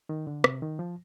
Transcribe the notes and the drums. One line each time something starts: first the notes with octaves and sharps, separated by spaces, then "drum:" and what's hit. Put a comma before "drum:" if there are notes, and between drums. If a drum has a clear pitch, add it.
D#3
D3
C3, drum: rim click
D#3
F3